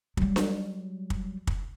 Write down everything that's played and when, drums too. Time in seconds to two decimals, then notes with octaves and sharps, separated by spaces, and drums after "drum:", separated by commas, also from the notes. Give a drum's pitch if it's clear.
0.17 F#3 G3, drum: kick
0.36 drum: snare D4
1.10 drum: kick
1.47 drum: kick